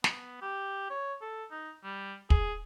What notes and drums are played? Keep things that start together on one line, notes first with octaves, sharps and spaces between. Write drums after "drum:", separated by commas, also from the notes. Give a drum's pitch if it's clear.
B3, drum: snare
G4
C#5
A4
D#4
G3
G#4, drum: kick